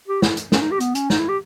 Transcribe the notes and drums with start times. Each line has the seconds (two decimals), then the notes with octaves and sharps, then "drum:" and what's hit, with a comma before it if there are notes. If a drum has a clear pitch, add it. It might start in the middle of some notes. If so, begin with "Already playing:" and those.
0.08 G4
0.22 E4, drum: snare
0.37 drum: hi-hat
0.52 C#4, drum: snare
0.61 D#4
0.71 G4
0.80 B3, drum: hi-hat
0.95 C#4, drum: hi-hat
1.10 D#4, drum: snare
1.20 E4
1.29 G4